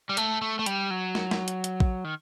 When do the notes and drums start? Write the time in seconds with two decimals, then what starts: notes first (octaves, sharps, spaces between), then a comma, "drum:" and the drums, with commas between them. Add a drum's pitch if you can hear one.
0.09 G3
0.17 A3, drum: hi-hat
0.42 A3
0.59 A3
0.66 G3, drum: hi-hat
0.91 F#3
1.15 drum: snare
1.31 drum: snare
1.48 drum: hi-hat
1.64 drum: hi-hat
1.80 drum: kick A1
2.04 D#3